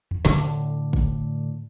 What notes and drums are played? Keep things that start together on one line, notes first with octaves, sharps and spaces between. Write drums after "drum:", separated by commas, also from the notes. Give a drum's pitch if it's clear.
drum: tom E2
A2 D3 D4, drum: snare
drum: hi-hat
drum: kick